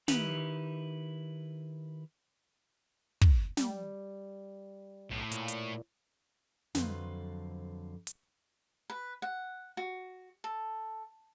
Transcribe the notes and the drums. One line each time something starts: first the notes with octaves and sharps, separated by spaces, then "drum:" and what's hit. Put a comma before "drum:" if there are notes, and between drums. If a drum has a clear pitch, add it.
D#3 D#4 E4 G4 B4, drum: snare
drum: kick
G3, drum: snare
B1 A2
A#2, drum: hi-hat
drum: hi-hat
F2 D3 F#3 B4 C5 F5, drum: snare
drum: hi-hat
B4
F#5
F#4
A4